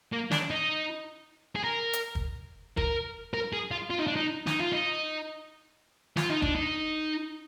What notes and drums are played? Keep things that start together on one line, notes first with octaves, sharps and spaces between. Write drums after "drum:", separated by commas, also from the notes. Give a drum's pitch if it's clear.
A#3
D4, drum: snare
D#4
G#4
A#4
drum: hi-hat
drum: kick
A#4, drum: kick
A#4
G#4
F4
F4
D#4
D4
D#4
D#4, drum: snare
F4
D#4
F4, drum: snare
D#4
D4, drum: kick
D#4